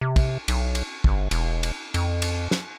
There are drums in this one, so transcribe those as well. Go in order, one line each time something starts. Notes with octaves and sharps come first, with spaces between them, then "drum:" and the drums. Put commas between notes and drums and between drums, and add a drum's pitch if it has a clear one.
C3
drum: kick, cymbal
B1, drum: cymbal
drum: cymbal
G1, drum: kick
E1, drum: cymbal
drum: cymbal
F2, drum: cymbal
drum: cymbal
drum: snare